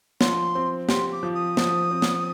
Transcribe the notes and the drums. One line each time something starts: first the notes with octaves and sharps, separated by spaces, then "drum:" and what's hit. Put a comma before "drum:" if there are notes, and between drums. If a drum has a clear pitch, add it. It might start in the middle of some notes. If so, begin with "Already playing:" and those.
F3 C6, drum: snare
C4
G4 C6, drum: snare
D6
F3
D#6
F3, drum: snare
C4
drum: snare